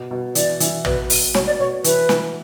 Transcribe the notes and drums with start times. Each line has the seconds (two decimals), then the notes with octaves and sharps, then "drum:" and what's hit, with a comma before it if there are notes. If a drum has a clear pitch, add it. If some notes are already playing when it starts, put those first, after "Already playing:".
Already playing: B2
0.11 B2
0.35 E3 D5, drum: hi-hat
0.60 E3, drum: hi-hat
0.85 B2 B4, drum: tom
1.10 B2, drum: open hi-hat
1.34 B2 C#5, drum: snare
1.47 D5
1.59 B2 C#5
1.84 E3 B4, drum: hi-hat
2.09 E3, drum: snare